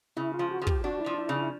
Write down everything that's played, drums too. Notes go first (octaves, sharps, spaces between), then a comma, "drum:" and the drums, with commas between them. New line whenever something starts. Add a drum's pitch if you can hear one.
C#3 E4
F4
F3
F#4
F3 G#4
G4, drum: kick
D4 F#4
E4
F3
E4
C#3
E4